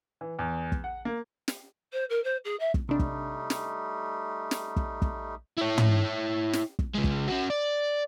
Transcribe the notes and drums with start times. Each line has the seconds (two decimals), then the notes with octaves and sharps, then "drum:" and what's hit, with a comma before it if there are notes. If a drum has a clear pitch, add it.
0.21 E3
0.39 E2
0.72 drum: kick
0.84 F#5
1.05 A#3
1.48 drum: snare
1.92 C5
2.09 A#4
2.24 C5
2.44 G#4
2.59 E5
2.74 drum: kick
2.89 C3 G3 A3 D4 D#4
2.99 drum: kick
3.50 drum: snare
4.51 drum: snare
4.76 drum: kick
5.02 drum: kick
5.57 E4 C#5
5.78 drum: tom
6.53 drum: snare
6.79 drum: kick
6.94 C#3 G#3
7.04 drum: kick
7.28 C#4 F#4
7.50 D5